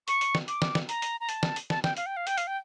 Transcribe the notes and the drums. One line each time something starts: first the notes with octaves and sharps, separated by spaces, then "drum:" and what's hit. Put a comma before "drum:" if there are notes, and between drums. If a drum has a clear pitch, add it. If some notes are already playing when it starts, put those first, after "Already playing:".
C#6, drum: hi-hat
drum: hi-hat
drum: snare
D6, drum: hi-hat
drum: snare
drum: snare
A#5, drum: hi-hat
drum: hi-hat
A#5
A5, drum: hi-hat
drum: snare
drum: hi-hat
A5, drum: snare
G5, drum: snare
F5, drum: hi-hat
G5
F5
G5, drum: hi-hat
F5, drum: hi-hat
G5